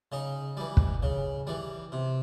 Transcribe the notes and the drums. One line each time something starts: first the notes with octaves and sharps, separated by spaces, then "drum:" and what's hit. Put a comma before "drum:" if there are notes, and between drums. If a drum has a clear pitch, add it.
C#3 D#4
E3 G3
drum: kick
C#3
E3 G3
C3